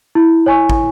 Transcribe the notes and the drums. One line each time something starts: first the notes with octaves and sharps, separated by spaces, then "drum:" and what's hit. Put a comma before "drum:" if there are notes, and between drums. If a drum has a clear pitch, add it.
E4
C#5 G#5 C#6
drum: kick